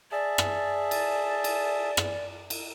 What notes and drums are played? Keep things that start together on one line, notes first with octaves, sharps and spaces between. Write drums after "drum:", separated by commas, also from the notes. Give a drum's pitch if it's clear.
G#4 D5 E5 A5
drum: rim click
drum: cymbal
drum: cymbal
drum: rim click
drum: cymbal